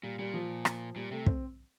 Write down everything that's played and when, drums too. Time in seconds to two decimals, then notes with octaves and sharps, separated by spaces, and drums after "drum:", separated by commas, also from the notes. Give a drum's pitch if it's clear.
0.03 A#2 G3
0.19 A#2 G3
0.34 F3
0.65 drum: rim click
0.96 A#2 G3
1.11 C3 A3
1.26 C4, drum: kick